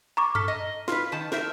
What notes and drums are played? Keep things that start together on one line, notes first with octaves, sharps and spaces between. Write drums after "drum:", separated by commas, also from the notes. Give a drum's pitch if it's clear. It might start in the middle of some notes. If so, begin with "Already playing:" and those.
A#5 C#6 D6
A4 F6 B6, drum: tom F#2
D#5
F4 B4 C6, drum: snare
D#3 A5
A#4 C5 E5, drum: snare